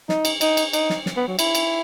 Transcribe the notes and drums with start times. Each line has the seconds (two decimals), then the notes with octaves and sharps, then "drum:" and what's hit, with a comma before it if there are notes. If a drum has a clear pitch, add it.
0.09 D#4, drum: snare
0.25 drum: cymbal
0.41 D#4, drum: cymbal
0.57 drum: cymbal
0.73 D#4, drum: cymbal
0.90 drum: snare
1.06 drum: snare
1.17 B3
1.28 F#3
1.39 E4, drum: cymbal
1.55 drum: cymbal